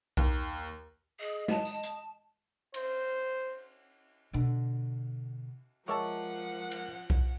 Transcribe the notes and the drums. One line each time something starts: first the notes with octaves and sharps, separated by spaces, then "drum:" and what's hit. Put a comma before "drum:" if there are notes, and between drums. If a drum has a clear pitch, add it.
D#2, drum: kick B1
G#4 D#5
A5, drum: tom G#3
drum: tambourine
drum: hi-hat
C5, drum: cymbal
B2 D3
F3 G#3 A#4 C#5 E5 F#5 A5 D6
drum: cymbal
drum: kick B1